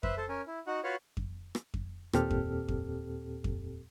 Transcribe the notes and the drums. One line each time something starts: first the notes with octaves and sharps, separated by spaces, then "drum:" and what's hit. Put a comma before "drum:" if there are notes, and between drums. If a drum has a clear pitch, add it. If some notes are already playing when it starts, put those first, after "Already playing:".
B4 C5 E5, drum: kick F2
A4 C5
C#4 A#4 G#5
E4
D#4 F#4 F#5
F4 F#4 B4 C#5 F5
drum: kick F2
drum: rim click
drum: kick F2
D#2 A#2 C4 G4 A4 F6, drum: rim click
drum: kick F2
drum: kick F2
drum: kick F2